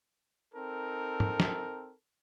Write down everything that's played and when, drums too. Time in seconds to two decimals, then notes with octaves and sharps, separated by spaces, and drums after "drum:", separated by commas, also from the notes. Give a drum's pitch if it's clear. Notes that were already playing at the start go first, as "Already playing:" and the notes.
0.54 C4 D#4 A4 A#4
1.20 drum: tom G#2
1.40 drum: snare